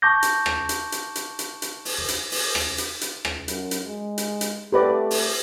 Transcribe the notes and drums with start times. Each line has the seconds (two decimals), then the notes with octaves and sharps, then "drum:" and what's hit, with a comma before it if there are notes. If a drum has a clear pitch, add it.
0.02 A5 C#6 D6 G6 A#6
0.23 drum: hi-hat
0.46 drum: rim click
0.69 drum: hi-hat
0.92 drum: hi-hat
1.15 drum: hi-hat
1.39 drum: hi-hat
1.62 drum: hi-hat
1.85 drum: open hi-hat
2.08 drum: hi-hat
2.32 drum: open hi-hat
2.55 drum: rim click
2.78 drum: hi-hat
3.01 drum: hi-hat
3.25 drum: rim click
3.48 F#2, drum: hi-hat
3.71 drum: hi-hat
3.86 G#3
4.18 drum: hi-hat
4.41 drum: hi-hat
4.72 A3 G4 B4 D5
5.11 drum: open hi-hat